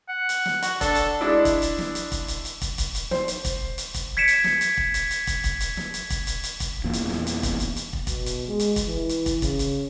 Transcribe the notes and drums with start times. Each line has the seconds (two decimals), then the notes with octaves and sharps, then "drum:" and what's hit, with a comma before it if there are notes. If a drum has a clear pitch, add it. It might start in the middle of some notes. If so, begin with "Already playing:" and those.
0.09 F#5
0.29 drum: hi-hat
0.46 drum: snare
0.63 F#4, drum: hi-hat
0.81 D4 A4, drum: kick, hi-hat
0.95 drum: hi-hat
1.21 G#3 D4 E4
1.45 drum: kick, hi-hat
1.62 drum: hi-hat
1.78 drum: snare
1.95 drum: hi-hat
2.12 drum: kick, hi-hat
2.28 drum: hi-hat
2.45 drum: hi-hat
2.61 drum: kick, hi-hat
2.78 drum: kick, hi-hat
2.95 drum: hi-hat
3.11 C5, drum: snare
3.28 drum: hi-hat
3.45 drum: kick, hi-hat
3.78 drum: hi-hat
3.94 drum: kick, hi-hat
4.17 G#6 B6 C#7 D7 E7
4.28 drum: hi-hat
4.44 drum: snare
4.61 drum: hi-hat
4.77 drum: kick
4.94 drum: hi-hat
5.11 drum: hi-hat
5.27 drum: kick, hi-hat
5.44 drum: kick, hi-hat
5.61 drum: hi-hat
5.77 drum: snare
5.94 drum: hi-hat
6.10 drum: kick, hi-hat
6.27 drum: hi-hat
6.44 drum: hi-hat
6.60 drum: kick, hi-hat
6.84 E2 A#2
6.93 drum: hi-hat
7.10 drum: snare
7.27 drum: hi-hat
7.43 drum: kick, hi-hat
7.60 drum: hi-hat
7.76 drum: hi-hat
7.93 drum: kick
8.07 B2, drum: kick, hi-hat
8.26 drum: hi-hat
8.48 G#3
8.60 drum: hi-hat
8.76 drum: kick, hi-hat
8.87 E3
9.09 drum: hi-hat
9.26 drum: kick, hi-hat
9.42 C#3, drum: kick, hi-hat
9.59 drum: hi-hat